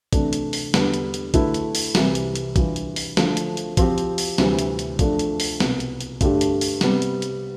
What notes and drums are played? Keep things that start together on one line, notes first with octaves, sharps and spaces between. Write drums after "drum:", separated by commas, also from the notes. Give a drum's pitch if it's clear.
C3 E3 A3 D4, drum: kick, hi-hat
drum: hi-hat
drum: open hi-hat
E2 D3 G3 B3, drum: snare
drum: hi-hat
drum: hi-hat
D3 A3 E4 B4, drum: kick, hi-hat
drum: hi-hat
drum: open hi-hat
C2 C3 E3 G3, drum: snare
drum: hi-hat
drum: hi-hat
E3 G3 D4 F4, drum: kick, hi-hat
drum: hi-hat
drum: open hi-hat
D3 F3 A3, drum: snare
drum: hi-hat
drum: hi-hat
F3 C4 G4, drum: kick, hi-hat
drum: hi-hat
drum: open hi-hat
D2 C3 E3 G3 C4, drum: snare
drum: hi-hat
drum: hi-hat
F3 A3 D4 A4, drum: kick, hi-hat
drum: hi-hat
drum: open hi-hat
C2 B2 B3, drum: snare
drum: hi-hat
drum: hi-hat
G2 D3 A3 D4 G4, drum: kick, hi-hat
drum: hi-hat
drum: open hi-hat
C3 G3 B3, drum: snare
drum: hi-hat
drum: hi-hat